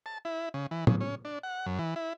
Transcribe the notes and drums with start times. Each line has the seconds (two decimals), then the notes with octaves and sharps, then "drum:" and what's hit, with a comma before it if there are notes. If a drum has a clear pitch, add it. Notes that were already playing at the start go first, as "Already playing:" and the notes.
0.06 A5
0.25 E4
0.54 C#3
0.71 E3
0.87 C#3, drum: tom
1.01 C#4
1.25 D4
1.43 F#5
1.66 F#2
1.79 E3
1.96 E4